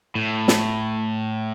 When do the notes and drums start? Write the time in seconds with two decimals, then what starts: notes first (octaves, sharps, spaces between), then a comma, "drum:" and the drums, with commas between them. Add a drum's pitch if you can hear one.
0.15 A2
0.48 drum: snare